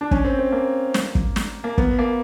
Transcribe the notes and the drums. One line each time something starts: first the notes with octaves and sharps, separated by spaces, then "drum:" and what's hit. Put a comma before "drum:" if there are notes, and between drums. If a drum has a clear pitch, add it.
D4
C#4, drum: kick
C4
C4
A#3
drum: snare
drum: kick
drum: snare
A#3
B3, drum: kick
A#3